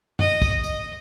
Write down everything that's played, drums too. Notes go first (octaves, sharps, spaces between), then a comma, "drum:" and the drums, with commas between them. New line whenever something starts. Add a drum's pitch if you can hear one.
D#5, drum: tom F#2
drum: kick, tambourine
D#5, drum: tambourine